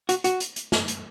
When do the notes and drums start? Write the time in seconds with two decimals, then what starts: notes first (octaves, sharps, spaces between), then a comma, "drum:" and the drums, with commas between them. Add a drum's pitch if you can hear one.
0.09 F#4, drum: hi-hat
0.24 F#4, drum: hi-hat
0.40 drum: hi-hat
0.56 drum: hi-hat
0.72 drum: snare
0.88 drum: hi-hat